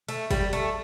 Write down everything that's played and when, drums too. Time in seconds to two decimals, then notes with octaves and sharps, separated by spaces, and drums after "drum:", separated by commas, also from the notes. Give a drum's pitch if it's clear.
0.09 A3, drum: cymbal
0.31 G3, drum: kick, cymbal
0.53 A3, drum: cymbal